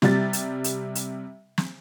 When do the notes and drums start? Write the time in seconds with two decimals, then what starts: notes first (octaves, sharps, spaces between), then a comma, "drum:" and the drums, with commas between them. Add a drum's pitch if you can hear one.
0.02 C3 G3 A6, drum: snare
0.33 drum: hi-hat
0.64 drum: hi-hat
0.95 drum: hi-hat
1.58 drum: snare